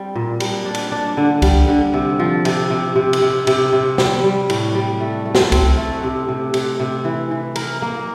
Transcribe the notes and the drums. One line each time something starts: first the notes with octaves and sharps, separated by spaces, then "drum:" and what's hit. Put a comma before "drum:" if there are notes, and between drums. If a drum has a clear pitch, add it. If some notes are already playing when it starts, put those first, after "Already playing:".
Already playing: G3 C4
A#2
G3, drum: cymbal
D4
drum: cymbal
D4
D3
G3, drum: kick C2, cymbal
D3
C3
F3
C3, drum: cymbal
C3
C3
drum: cymbal
C3
C3, drum: cymbal
C3
G3, drum: snare
G3
A2, drum: cymbal
G3
A3
A3
drum: snare
C4, drum: kick C2, cymbal
A3
C3
C3
C3, drum: cymbal
C3
E3
E3
A#4, drum: cymbal
A#3